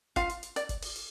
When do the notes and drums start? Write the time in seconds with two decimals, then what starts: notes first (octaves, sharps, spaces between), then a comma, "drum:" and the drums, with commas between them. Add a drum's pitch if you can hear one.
0.16 F4 F5, drum: kick F#1, hi-hat
0.30 drum: hi-hat
0.43 drum: hi-hat
0.56 D5, drum: hi-hat
0.69 drum: kick F#1, hi-hat
0.82 drum: open hi-hat
0.96 drum: hi-hat